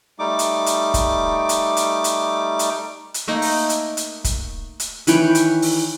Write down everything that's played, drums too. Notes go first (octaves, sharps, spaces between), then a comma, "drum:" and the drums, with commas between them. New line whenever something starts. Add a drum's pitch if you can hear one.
G3 A3 D#4 D6
drum: hi-hat
drum: hi-hat
drum: kick, hi-hat
drum: hi-hat
drum: hi-hat
drum: hi-hat
drum: hi-hat
drum: hi-hat
A3 A#3 D#4
drum: open hi-hat
drum: hi-hat
drum: hi-hat
drum: kick, hi-hat
drum: hi-hat
D#3 E3 E4 B4 C#5 G5, drum: hi-hat
drum: hi-hat
drum: open hi-hat